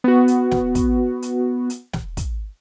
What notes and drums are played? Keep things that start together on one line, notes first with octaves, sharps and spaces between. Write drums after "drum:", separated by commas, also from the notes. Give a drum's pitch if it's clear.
B3 F#4
drum: hi-hat
drum: snare
drum: kick, hi-hat
drum: hi-hat
drum: hi-hat
drum: snare
drum: kick, hi-hat